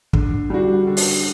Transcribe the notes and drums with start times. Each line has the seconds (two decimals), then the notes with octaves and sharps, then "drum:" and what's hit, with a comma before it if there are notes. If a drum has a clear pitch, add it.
0.13 D3, drum: kick
0.50 G3 D4 F#4
0.87 D3
0.97 drum: open hi-hat